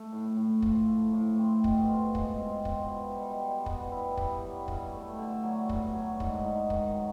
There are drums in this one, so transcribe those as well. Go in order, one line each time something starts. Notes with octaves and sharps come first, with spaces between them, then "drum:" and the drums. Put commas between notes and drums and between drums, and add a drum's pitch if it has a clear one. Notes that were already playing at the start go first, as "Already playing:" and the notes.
Already playing: A3
A2
A2
F3, drum: kick
A3
A2
C4
B2, drum: kick
F4
G#3, drum: kick
C4
B2, drum: kick
E4
G3
G3
B3, drum: kick
E4
G3, drum: kick
F#3
G2, drum: kick
A3
D3
F#3
G2, drum: kick
F#3
G#2, drum: kick
G#2
D#3, drum: kick
F#3